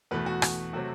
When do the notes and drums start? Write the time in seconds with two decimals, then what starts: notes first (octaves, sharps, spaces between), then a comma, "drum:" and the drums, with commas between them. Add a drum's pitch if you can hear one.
0.11 E2 B2 A3 B4
0.26 F#4
0.42 drum: rim click
0.73 C3 F#3 A3 C4 F#4